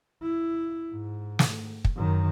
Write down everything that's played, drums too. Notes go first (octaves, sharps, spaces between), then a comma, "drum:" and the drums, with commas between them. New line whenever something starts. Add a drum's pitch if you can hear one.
E4
G#2
drum: snare
drum: kick
F#2 D#3